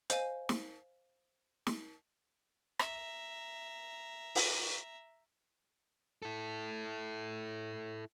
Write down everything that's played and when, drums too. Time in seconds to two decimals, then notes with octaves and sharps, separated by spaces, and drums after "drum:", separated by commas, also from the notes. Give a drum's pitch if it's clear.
0.10 C5 D#5 F5 G#5, drum: hi-hat
0.49 drum: snare
1.67 drum: snare
2.79 E5 A#5, drum: rim click
4.35 drum: open hi-hat
6.22 E4 A4